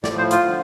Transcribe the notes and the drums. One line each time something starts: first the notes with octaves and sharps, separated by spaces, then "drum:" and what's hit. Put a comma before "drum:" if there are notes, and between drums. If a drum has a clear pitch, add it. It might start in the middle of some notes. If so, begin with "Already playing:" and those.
A2 F3 D5, drum: snare
C5
F4, drum: hi-hat
D3 F3